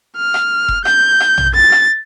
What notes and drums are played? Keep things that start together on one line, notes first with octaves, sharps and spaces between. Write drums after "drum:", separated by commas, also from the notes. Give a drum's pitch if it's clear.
F6
drum: rim click
drum: kick F1
G6, drum: rim click
drum: rim click
drum: tom
A6
drum: rim click